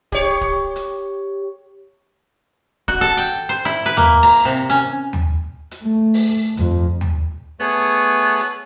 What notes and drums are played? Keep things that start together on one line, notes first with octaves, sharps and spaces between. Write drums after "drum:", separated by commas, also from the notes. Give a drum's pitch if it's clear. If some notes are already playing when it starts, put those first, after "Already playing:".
G4 C#5, drum: kick
drum: kick
drum: hi-hat
F#4, drum: kick
A4
G5
C5, drum: hi-hat
E4
B4
A#3, drum: tom
A#5, drum: open hi-hat
C3
C#4
drum: tom
drum: hi-hat
A3
drum: open hi-hat
F2, drum: hi-hat
drum: tom
A3 B3 G#4 C#5
drum: hi-hat